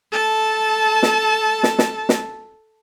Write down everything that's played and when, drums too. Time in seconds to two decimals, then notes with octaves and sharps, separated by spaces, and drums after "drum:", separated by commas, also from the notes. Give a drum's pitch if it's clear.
0.12 A4 A5
1.03 drum: snare
1.63 drum: snare
1.79 drum: snare
2.09 drum: snare